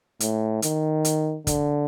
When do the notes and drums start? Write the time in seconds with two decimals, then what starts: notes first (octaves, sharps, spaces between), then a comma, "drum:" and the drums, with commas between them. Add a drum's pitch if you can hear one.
0.20 A2, drum: hi-hat
0.62 D#3, drum: hi-hat
1.05 drum: hi-hat
1.47 D3, drum: kick, hi-hat